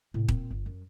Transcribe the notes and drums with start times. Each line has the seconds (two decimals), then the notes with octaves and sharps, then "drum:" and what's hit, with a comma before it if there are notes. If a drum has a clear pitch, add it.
0.14 A2 C3
0.29 A#2 C4, drum: kick D#1
0.51 G1
0.66 F#2